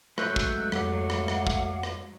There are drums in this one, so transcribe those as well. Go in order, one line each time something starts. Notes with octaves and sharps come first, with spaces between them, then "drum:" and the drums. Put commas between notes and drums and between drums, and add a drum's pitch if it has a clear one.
G#2 F#3 A3 B4 C#5 E6 F#6 G6, drum: rim click
drum: kick
F2 G3 A4 F5 F#5 D6, drum: rim click
drum: rim click
drum: rim click
drum: kick
drum: rim click